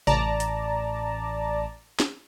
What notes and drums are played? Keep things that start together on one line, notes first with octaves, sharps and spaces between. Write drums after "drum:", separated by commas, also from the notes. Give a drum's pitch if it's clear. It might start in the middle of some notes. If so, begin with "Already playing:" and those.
A1 D5 A5 A#5, drum: tom C3
drum: hi-hat
drum: snare